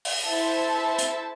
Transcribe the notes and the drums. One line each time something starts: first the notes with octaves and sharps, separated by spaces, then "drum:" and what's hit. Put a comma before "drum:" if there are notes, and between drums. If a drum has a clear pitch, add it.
drum: open hi-hat
E4 A4 C5 E5 A5
drum: hi-hat